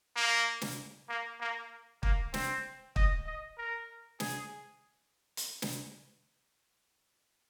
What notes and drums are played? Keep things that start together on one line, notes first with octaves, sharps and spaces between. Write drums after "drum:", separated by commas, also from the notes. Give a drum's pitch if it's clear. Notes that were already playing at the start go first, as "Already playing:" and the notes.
A#3
drum: snare
A#3
A#3
A#3, drum: kick
C4, drum: snare
D#5, drum: kick
D#5
A#4
G#4, drum: snare
drum: hi-hat
drum: snare